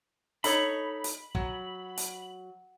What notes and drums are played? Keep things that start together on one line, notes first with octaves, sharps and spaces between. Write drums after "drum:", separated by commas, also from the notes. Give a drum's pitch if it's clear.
D#4 A4 C#5 B5, drum: hi-hat
drum: hi-hat
F#3, drum: kick
drum: hi-hat